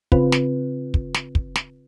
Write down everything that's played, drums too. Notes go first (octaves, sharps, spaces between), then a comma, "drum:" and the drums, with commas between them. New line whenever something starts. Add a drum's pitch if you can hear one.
C#3 C4 F4 B4, drum: kick
drum: snare
drum: kick
drum: snare
drum: kick
drum: snare